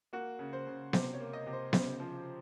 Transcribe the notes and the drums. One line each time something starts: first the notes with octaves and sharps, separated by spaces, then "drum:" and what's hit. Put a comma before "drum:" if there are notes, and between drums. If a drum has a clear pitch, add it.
A#3 F#4
C#3
C5
C#3
C3 C5, drum: snare B3
C#5
A#3
D#5
C3
C5
C#3 C5, drum: snare B3
F3